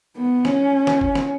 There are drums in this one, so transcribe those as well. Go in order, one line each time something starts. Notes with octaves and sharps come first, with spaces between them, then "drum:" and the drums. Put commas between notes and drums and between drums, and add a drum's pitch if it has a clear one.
B3
C#4, drum: snare
drum: snare
drum: kick G1
drum: snare